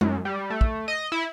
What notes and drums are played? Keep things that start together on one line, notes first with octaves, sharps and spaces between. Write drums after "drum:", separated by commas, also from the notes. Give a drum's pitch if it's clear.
F#2, drum: tom G#3
G3
A3
drum: kick
D#5
E4